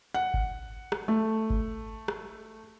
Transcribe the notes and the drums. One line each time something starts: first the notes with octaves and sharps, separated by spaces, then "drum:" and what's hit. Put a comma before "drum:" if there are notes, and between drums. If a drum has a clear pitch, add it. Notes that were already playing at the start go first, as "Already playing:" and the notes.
F#5
drum: kick G1
drum: rim click
A3
drum: kick G1
drum: rim click